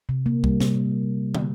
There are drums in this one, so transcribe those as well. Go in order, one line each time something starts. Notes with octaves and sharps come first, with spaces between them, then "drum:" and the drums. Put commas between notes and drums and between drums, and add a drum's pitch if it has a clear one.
C3
A#3
G3, drum: kick C2
C3, drum: snare
drum: tom